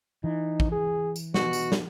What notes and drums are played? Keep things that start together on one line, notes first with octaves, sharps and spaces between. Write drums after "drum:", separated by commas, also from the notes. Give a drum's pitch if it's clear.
E3 D#4
drum: kick
G#4
drum: tambourine
B2 F#4, drum: snare
drum: tambourine
drum: snare